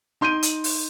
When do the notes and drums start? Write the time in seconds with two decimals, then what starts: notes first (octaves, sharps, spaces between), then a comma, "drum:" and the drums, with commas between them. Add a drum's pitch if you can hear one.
0.21 D#4 C6 G6 D7 D#7
0.43 drum: hi-hat
0.64 drum: open hi-hat